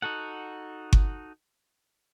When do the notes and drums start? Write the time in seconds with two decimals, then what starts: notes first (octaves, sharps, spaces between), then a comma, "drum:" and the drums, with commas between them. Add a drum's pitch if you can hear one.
0.02 D#4 F#4 A4 F#5
0.93 drum: kick G1